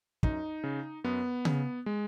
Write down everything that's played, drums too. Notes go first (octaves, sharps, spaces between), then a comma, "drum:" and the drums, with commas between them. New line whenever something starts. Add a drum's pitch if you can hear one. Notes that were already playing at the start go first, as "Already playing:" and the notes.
F#2 D#4, drum: kick
C#3
F#2 B3
C#3, drum: tom C#3
G#3